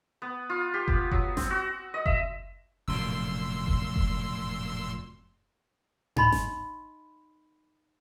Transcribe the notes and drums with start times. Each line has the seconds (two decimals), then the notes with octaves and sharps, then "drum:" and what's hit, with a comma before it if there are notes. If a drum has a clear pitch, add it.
0.22 B3
0.50 F4
0.74 G4
0.88 B3, drum: kick F#1
1.11 F#3, drum: kick F#1
1.37 C4, drum: snare G1
1.50 F#4
1.94 D#5
2.06 E5, drum: kick F#1
2.88 F1 F#2 A#2 C6 E6
3.67 drum: kick F#1
3.96 drum: kick F#1
6.16 D#4 D#5 B5 C6, drum: tom G#2
6.32 drum: snare G1